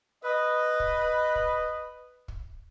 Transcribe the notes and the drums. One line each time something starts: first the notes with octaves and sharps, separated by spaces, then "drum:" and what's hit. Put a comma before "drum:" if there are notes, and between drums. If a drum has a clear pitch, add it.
B4 D#5
drum: kick
drum: kick
drum: kick